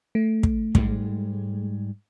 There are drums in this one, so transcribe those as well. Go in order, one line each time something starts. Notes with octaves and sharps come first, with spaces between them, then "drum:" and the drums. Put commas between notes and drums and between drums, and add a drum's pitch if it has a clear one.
A3
drum: kick
G#2 G3 G#3, drum: kick